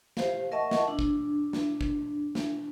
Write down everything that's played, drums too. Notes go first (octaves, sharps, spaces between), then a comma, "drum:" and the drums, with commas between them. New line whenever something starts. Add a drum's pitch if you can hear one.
G4 C5 F5, drum: snare
A#4 D#5 E5 F#5 A5 C#6
drum: snare
D4
drum: kick
drum: snare
drum: kick
drum: snare